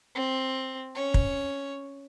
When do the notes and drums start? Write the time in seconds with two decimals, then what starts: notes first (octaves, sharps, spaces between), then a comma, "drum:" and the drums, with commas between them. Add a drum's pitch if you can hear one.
0.16 C4
0.95 C#4 C#5
1.14 drum: kick